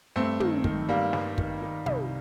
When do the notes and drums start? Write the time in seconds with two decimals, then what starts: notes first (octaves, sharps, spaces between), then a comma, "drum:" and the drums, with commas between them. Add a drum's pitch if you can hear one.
0.16 G2 A3 C4
0.40 D#3, drum: tom
0.64 D#3, drum: kick
0.88 G2 G3 A#3
1.13 G2, drum: snare
1.38 D#3, drum: kick
1.62 D#3
1.86 C2, drum: tom